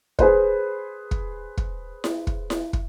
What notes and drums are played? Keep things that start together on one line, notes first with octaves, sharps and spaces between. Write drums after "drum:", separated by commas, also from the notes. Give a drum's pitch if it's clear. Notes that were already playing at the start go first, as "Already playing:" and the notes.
G#4 B4 C5, drum: kick
drum: kick
drum: kick
drum: snare E4
drum: kick
drum: snare E4
drum: kick